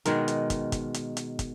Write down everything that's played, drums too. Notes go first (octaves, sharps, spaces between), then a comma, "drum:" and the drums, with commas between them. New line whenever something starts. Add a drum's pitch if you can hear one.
B2 D#3 G#3 A#4, drum: hi-hat
drum: hi-hat
drum: kick, hi-hat
drum: kick, hi-hat
drum: hi-hat
drum: hi-hat
drum: kick, hi-hat